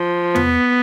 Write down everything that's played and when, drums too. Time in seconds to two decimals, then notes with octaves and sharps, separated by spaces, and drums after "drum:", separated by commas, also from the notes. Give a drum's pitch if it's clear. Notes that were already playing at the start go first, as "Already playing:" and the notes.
Already playing: F3
0.36 B3, drum: tom E2